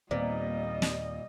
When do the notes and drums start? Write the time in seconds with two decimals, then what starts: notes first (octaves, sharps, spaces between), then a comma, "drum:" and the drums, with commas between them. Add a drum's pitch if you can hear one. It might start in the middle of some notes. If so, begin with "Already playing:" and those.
0.11 D#2 A#2 G3 B3 C4 D5 D#5
0.82 drum: snare